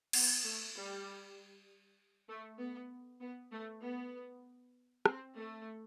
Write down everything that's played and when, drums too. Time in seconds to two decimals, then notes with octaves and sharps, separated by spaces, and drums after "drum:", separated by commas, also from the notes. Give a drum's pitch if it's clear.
0.13 B3, drum: cymbal
0.43 A3
0.75 G3
2.28 A3
2.59 B3
3.20 B3
3.52 A3
3.83 B3
5.06 C4, drum: rim click
5.36 A3